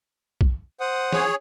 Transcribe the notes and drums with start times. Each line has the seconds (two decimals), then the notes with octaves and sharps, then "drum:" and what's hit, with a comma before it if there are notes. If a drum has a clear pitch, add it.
0.41 drum: kick
0.80 C5 F#5 D#6
1.12 G#4 C#5, drum: snare